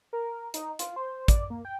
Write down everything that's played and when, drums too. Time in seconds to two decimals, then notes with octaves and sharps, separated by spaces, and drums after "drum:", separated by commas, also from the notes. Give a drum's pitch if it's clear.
0.13 A#4
0.54 D#4, drum: hi-hat
0.79 F4, drum: hi-hat
0.96 C5
1.28 D5, drum: kick, hi-hat
1.50 A#3
1.65 G5